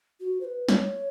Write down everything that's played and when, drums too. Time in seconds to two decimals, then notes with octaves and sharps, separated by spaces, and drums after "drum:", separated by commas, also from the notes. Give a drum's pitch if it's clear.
0.20 F#4
0.41 C5
0.45 B4
0.69 C#5, drum: snare